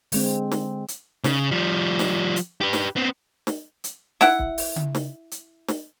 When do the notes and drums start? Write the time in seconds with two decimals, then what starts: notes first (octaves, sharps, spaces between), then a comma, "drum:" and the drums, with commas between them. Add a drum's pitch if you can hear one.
0.12 D3 G#3 C4, drum: open hi-hat
0.51 drum: snare
0.88 drum: hi-hat
1.24 C#3, drum: snare
1.51 F3 G3
1.99 drum: snare
2.36 drum: hi-hat
2.61 G4 B4
2.73 drum: snare
2.96 B3 C4
3.47 drum: snare
3.84 drum: hi-hat
4.21 E4 E5 F#5, drum: snare
4.39 drum: kick
4.58 drum: open hi-hat
4.76 drum: tom C#3
4.95 drum: snare
5.31 drum: hi-hat
5.68 drum: snare